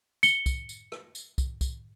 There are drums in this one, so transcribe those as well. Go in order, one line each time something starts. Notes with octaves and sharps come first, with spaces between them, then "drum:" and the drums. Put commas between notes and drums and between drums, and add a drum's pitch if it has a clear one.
C#7 G7, drum: tambourine
drum: kick, tambourine
drum: tambourine
drum: rim click
drum: tambourine
drum: kick, tambourine
drum: kick, tambourine